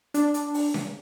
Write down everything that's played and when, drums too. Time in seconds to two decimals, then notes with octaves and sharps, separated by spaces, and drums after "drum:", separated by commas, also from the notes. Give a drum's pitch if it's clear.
0.14 D4, drum: hi-hat
0.34 drum: hi-hat
0.54 drum: open hi-hat
0.74 drum: snare C#4